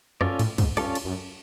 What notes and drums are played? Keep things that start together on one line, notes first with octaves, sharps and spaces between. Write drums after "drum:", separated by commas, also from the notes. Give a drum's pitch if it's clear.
F#2 C#4 F4 A4 D5, drum: rim click
A2, drum: cymbal
G#2, drum: kick, cymbal
G2 C#4 F4 A4 D5, drum: cymbal
drum: cymbal
F#2